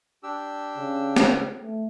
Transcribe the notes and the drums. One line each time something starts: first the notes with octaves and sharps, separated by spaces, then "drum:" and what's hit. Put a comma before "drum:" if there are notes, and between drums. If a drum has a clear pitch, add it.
D4 G4 E6
C#3
drum: snare
A3